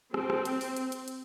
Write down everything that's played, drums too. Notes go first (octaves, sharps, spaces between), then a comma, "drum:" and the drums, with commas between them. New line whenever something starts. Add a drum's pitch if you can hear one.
C4, drum: rim click
drum: rim click
drum: hi-hat
drum: open hi-hat
drum: hi-hat
drum: hi-hat
drum: hi-hat